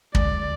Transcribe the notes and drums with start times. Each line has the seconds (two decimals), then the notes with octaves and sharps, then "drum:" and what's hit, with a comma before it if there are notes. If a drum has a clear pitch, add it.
0.15 D2 D3 G#3 D5, drum: kick